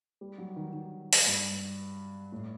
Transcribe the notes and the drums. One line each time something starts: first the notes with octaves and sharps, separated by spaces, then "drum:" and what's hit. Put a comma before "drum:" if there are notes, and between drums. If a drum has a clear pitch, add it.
G3
F#3
D#3
D#3
drum: open hi-hat
G2
A2